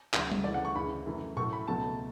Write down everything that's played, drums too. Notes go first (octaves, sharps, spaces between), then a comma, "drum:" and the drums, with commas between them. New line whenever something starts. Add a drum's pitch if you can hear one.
D2 C#3 F#3, drum: clap
drum: tom G3
D2 C#3 E3 A3 D5
F#5
C#6
D2 C#3 E3 G#3 B5
F#2 E3 A3
A2 F#3 A3 C#6
B5
C#2 B2 F#3 A3 A5